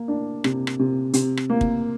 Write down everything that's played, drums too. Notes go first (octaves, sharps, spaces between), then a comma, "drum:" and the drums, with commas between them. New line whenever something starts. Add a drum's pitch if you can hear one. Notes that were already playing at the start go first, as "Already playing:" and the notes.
Already playing: A#3
D4
C3, drum: rim click
drum: rim click
C3
C3, drum: hi-hat
drum: rim click
A#3
drum: kick